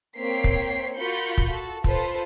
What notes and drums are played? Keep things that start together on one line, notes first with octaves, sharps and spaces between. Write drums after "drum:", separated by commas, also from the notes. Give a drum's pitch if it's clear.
A#3 C4 C#5 G5 B6 C7
drum: kick
F4 F#4 A#4 B5 G6 C#7
drum: kick
F#4 A4
F4 A4 B4 C5, drum: kick